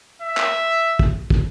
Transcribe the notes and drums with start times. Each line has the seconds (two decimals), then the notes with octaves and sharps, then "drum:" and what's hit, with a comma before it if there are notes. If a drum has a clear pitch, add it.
0.22 E5
0.37 drum: clap
0.99 drum: kick
1.30 drum: kick